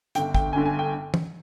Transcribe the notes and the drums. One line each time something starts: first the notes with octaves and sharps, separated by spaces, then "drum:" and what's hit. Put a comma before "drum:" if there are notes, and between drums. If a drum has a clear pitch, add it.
G1 G2 D3 G5, drum: hi-hat
G5, drum: kick
G1 G2 D3 G#5
G#5
G5
drum: tom